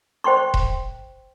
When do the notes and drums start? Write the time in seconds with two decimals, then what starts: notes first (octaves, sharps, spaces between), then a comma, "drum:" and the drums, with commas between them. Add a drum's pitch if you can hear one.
0.24 C5 G5 C6 C#6
0.54 drum: kick E1